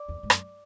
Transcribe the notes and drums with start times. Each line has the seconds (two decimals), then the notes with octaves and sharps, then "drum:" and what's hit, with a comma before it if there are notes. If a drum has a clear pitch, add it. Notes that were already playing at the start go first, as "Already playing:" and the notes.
Already playing: D5 D6
0.09 E2
0.23 G#2
0.30 F#2, drum: rim click